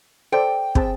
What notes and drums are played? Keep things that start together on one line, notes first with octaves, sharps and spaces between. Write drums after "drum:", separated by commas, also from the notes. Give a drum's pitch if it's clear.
A4 C5 D5 G5
C4 G#4 A5, drum: kick